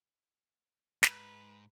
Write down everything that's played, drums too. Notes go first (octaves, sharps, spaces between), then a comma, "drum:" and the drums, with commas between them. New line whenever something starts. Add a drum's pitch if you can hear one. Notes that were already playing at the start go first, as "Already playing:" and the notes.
G#2 B4 A#5, drum: snare